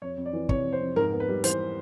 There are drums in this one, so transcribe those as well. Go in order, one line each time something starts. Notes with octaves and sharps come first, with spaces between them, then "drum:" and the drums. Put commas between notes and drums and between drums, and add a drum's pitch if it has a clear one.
F2 C#5
F2
D5
E3
C3 C#5, drum: kick
F2
C5
F2
G#2 A#4
B3
B4
G3
E3 C5, drum: hi-hat